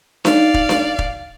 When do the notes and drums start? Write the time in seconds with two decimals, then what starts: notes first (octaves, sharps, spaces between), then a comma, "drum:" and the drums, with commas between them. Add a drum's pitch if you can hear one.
0.25 D#4 D5 F5, drum: snare D4
0.54 drum: kick
0.69 drum: snare D4
0.99 drum: kick